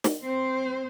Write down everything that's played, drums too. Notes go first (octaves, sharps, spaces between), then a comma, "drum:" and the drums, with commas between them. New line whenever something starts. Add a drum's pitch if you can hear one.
drum: snare
C4 C5